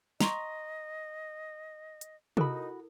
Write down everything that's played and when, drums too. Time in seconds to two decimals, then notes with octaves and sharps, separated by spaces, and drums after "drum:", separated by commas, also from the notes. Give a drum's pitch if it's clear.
0.20 D#5 A#5 C6 C#6, drum: snare
2.01 drum: hi-hat
2.37 D#4 E4 F#4 A4 A#4 B5, drum: tom C3